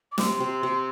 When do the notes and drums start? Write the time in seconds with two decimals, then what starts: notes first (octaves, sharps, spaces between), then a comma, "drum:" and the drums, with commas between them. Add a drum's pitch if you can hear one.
0.11 D6
0.18 C3 C6, drum: snare
0.40 C3
0.63 C3